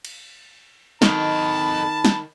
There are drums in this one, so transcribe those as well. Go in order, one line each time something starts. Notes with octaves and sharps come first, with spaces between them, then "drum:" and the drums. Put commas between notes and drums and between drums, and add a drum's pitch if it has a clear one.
drum: cymbal
D#3 A4 D#5 A5 B5, drum: snare
drum: snare